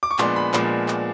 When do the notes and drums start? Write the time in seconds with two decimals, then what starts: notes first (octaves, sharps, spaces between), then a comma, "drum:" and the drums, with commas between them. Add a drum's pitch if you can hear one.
0.03 D6
0.11 C#6
0.18 A#2 F3 G#3 B3 D4 C6, drum: clap
0.36 B5
0.54 A#2 F3 G#3 B3 D4, drum: clap
0.88 drum: clap